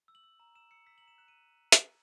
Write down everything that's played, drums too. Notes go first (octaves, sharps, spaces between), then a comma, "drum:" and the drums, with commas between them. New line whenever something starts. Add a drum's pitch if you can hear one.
E6
F#7
E6
A#5
E6 E7
E6 C#7
E6 B6
A#5 F#7
E7
F#6 E7
D#7
drum: hi-hat